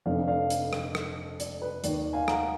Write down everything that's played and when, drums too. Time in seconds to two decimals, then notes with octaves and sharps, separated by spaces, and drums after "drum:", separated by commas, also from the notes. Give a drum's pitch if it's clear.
0.06 F1 F2 D3 F3 D5 F5
0.28 D5 F5
0.50 drum: hi-hat
0.73 drum: rim click
0.95 drum: rim click
1.40 D5, drum: hi-hat
1.62 B4
1.84 D#2 D#3 D5, drum: hi-hat
2.13 F5 G#5
2.28 F#5 A#5, drum: rim click